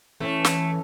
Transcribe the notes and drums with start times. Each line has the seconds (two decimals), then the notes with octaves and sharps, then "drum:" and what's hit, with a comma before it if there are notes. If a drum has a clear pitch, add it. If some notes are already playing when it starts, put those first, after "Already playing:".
0.20 E3 A3 C#4
0.45 drum: snare